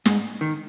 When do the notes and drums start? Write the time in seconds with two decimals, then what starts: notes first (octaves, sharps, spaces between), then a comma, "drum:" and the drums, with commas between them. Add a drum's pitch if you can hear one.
0.06 G#2, drum: snare
0.41 D#3